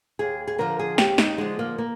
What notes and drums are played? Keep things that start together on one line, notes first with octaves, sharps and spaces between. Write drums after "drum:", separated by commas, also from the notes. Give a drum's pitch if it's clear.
D#2 G#4
G#4
D3 F3 A#4
G#4
D#2 G4, drum: snare
D#4, drum: snare
D3 F3 G#3
A#3
A#3